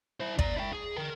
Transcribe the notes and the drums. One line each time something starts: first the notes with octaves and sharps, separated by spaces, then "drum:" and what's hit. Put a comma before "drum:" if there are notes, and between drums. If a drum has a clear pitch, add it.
E4 C5
D5 A#5, drum: kick
E4 G5
G#4
A#4 G5